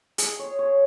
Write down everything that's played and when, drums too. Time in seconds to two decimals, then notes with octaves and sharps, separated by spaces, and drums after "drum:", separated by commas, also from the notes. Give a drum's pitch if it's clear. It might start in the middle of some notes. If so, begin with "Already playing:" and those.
0.18 G#4, drum: hi-hat
0.39 C#5
0.59 C#5